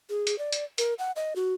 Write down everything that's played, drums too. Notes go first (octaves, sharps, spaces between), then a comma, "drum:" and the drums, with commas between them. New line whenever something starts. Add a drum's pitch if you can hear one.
G#4
drum: hi-hat
D5
drum: hi-hat
A#4, drum: hi-hat
F#5
D#5
F#4